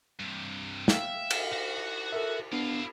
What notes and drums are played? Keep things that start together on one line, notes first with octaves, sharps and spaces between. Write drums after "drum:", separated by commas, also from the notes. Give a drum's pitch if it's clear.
G2 C3
E5 F5 G5, drum: snare
drum: cymbal
F#4
A4 A#4 E5
B3 D4 E4 F5